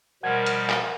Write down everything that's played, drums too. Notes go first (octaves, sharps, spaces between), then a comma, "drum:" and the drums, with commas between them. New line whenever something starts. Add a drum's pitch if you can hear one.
B2 F3 G3 A#4 F#5 G#6
drum: hi-hat
drum: clap